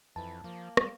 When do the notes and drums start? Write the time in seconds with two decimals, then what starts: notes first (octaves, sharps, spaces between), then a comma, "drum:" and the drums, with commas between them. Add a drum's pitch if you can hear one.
0.16 F2 E3 A5
0.44 F3 A#3
0.77 G3, drum: rim click